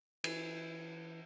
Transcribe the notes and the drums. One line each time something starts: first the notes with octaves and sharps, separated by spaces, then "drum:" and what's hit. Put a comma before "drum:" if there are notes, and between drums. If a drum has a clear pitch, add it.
E3, drum: cymbal